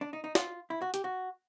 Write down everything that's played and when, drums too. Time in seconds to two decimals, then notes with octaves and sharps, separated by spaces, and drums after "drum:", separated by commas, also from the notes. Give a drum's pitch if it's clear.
0.01 D4
0.13 D#4
0.24 D#4
0.35 F4, drum: snare
0.70 E4
0.82 F#4
0.94 G4, drum: hi-hat
1.04 F#4